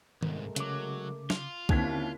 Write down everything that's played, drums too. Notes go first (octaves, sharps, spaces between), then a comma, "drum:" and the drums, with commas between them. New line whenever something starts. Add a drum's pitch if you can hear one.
C2 G#2 G#3 A3 A#4, drum: tom D#3
C#3 F#3 D6, drum: hi-hat
F4, drum: snare
D#2 D3 C4 C#4 E4 G#6 B6, drum: kick C2